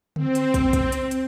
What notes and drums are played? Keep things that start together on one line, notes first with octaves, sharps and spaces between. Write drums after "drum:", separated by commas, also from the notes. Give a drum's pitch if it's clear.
C4, drum: tom C#3
drum: hi-hat
drum: kick, hi-hat
drum: kick, hi-hat
drum: hi-hat
drum: hi-hat